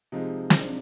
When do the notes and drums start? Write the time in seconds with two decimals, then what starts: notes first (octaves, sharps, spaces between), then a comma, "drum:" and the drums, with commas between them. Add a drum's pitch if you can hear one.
0.12 C3 F3 G#3 D#4
0.50 drum: snare
0.59 D4